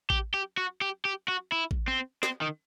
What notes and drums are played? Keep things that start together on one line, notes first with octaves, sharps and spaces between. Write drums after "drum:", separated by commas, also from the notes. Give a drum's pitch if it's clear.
G4, drum: kick A1
G4
F#4
G4
G4
F#4
E4
drum: kick A1
C4
C4, drum: snare
D#3